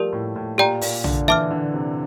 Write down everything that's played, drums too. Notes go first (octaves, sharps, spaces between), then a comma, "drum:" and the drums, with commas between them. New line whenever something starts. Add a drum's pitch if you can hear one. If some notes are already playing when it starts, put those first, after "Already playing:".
Already playing: F3 G3 A3 G4 A#4 D5
A2
A2
A#2 G4 D5 G5 A#5
A#2, drum: open hi-hat
D3, drum: tom
E3 E5 A5 D6 F6
D3
C3